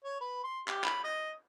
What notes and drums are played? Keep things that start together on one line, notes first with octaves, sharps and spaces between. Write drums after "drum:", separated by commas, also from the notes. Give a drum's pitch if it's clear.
C#5
B4
C6
G4, drum: clap
B5, drum: clap
D#5